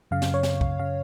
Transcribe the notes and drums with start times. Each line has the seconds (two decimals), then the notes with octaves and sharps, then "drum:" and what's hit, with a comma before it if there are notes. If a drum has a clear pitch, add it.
0.11 F#2 C#3 F5
0.22 drum: snare
0.34 C#5
0.43 drum: snare
0.61 drum: kick
0.79 C#3 F5